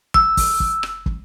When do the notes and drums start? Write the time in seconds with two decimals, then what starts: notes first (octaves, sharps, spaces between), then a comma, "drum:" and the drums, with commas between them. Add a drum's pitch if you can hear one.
0.14 E6, drum: kick
0.37 drum: kick, open hi-hat
0.60 drum: kick
0.83 drum: rim click
1.06 drum: kick